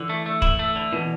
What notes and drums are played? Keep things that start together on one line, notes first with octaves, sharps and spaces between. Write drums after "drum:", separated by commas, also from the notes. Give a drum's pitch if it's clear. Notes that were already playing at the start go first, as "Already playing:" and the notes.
Already playing: D3 E3
A3
A3
E4, drum: kick
A3
D3
B2 E3